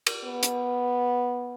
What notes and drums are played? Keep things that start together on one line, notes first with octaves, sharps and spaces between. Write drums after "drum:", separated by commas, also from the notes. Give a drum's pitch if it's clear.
drum: cymbal
B3
drum: hi-hat